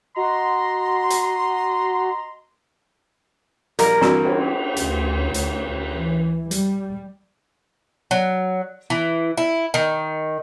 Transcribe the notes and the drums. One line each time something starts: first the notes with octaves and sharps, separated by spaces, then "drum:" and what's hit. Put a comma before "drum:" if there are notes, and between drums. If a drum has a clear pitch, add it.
F#4 D#5 A#5 C6
drum: hi-hat
A#1 G3 A#4, drum: hi-hat
G2 D3 E3 C4 F#4 D5, drum: snare
drum: cymbal
D2, drum: hi-hat
D2, drum: hi-hat
E3
G3, drum: hi-hat
F#3
E3
E4
D#3